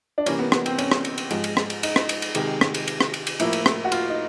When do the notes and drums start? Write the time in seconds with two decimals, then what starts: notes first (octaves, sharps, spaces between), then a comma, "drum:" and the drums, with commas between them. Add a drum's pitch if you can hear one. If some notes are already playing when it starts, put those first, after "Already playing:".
0.18 D4
0.26 C3 E3 G3 A#3 C#4, drum: cymbal
0.39 B3
0.52 B3, drum: rim click
0.66 C4, drum: cymbal
0.78 C#4, drum: cymbal
0.91 drum: rim click
1.05 drum: cymbal
1.18 drum: cymbal
1.30 G#2 F3 G#3, drum: cymbal
1.44 drum: cymbal
1.57 drum: rim click
1.70 drum: cymbal
1.83 D#4, drum: cymbal
1.96 drum: rim click
2.09 drum: cymbal
2.22 drum: cymbal
2.35 C3 D#3 G#3, drum: cymbal
2.61 drum: rim click
2.74 drum: cymbal
2.87 drum: cymbal
3.01 drum: rim click
3.14 drum: cymbal
3.27 drum: cymbal
3.40 A2 F3 A#3 E4, drum: cymbal
3.53 drum: cymbal
3.66 drum: rim click
3.85 F#4
3.92 F4, drum: cymbal
4.09 D#4